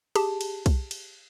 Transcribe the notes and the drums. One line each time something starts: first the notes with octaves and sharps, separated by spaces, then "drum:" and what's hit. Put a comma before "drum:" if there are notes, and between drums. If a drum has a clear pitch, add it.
G4 G#4 A5, drum: cymbal
drum: cymbal
drum: kick B1, cymbal
drum: cymbal